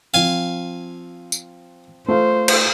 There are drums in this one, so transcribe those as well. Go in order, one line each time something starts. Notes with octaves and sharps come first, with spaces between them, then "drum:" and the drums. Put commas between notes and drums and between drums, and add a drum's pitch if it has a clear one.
F3 C4 F5 G#5
drum: tambourine
A3 F4 C5 F5
drum: cymbal